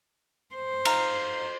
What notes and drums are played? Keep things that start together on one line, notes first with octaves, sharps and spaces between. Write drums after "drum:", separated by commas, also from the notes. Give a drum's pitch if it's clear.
C5
D#4 F5 A#5, drum: cymbal